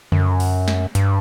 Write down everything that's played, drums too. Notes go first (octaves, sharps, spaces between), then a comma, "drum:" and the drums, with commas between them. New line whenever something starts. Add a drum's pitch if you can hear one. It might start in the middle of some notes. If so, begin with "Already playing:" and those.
F#2, drum: tom C#3
drum: open hi-hat
drum: snare
G2, drum: hi-hat